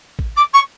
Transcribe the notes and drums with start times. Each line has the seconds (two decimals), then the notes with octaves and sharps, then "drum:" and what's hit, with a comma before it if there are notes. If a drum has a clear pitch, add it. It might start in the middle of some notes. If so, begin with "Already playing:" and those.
0.19 drum: kick
0.36 D6
0.53 C#6